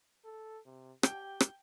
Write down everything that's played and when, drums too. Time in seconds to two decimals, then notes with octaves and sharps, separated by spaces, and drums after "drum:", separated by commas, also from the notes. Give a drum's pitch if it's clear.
0.25 A4
0.66 C3
1.03 G4 G5, drum: rim click
1.40 drum: rim click